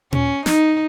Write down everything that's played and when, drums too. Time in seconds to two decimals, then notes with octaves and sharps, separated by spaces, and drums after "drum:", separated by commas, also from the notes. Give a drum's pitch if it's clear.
0.13 C#4, drum: tom A#2
0.46 D#4, drum: snare